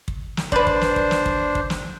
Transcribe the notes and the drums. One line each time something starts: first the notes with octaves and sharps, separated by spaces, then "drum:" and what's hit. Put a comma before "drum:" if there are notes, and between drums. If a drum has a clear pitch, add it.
drum: kick
drum: snare
D4 B4 C5 D5, drum: kick
drum: kick
drum: snare
drum: kick
drum: snare
drum: kick
drum: kick
drum: snare